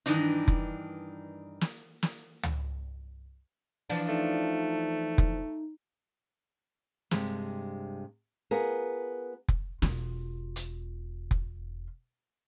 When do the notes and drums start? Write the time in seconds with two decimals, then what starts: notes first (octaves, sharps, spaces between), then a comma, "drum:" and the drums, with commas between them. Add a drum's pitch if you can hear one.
0.06 G2 D#3 E3 D4 D#4, drum: hi-hat
0.48 drum: kick F1
1.61 drum: snare
2.03 drum: snare
2.43 drum: tom C#2
3.90 E3 F3 D4
4.09 A3 D#4
5.18 drum: kick F1
7.11 G2 C3 G#3, drum: snare
8.51 B3 F4 G#4 A#4
9.48 drum: kick F1
9.82 E1 F4, drum: snare
10.56 drum: hi-hat
11.31 drum: kick F1